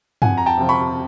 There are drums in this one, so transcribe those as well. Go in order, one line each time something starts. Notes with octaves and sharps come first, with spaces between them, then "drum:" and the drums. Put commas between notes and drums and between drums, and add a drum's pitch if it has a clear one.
F2 F#5 G#5, drum: tom G2
A#5
G5 A5
C3 F3
B5 C#6